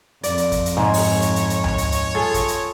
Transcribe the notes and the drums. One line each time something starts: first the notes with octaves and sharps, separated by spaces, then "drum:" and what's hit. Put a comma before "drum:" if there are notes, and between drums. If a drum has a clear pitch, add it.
F2 D5, drum: hi-hat
drum: hi-hat
drum: kick, hi-hat
drum: hi-hat
G#2 C#5, drum: snare
drum: open hi-hat
drum: hi-hat
drum: hi-hat
drum: hi-hat
drum: tom D2
drum: hi-hat
drum: hi-hat
F4 G#4 A4
drum: kick, hi-hat
drum: hi-hat